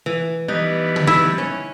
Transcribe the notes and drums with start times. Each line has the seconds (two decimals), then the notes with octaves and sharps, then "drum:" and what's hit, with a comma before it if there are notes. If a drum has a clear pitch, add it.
0.06 E3
0.48 E3 G3 B3 D#4
0.96 drum: tom
1.07 E4
1.38 C#4 C#5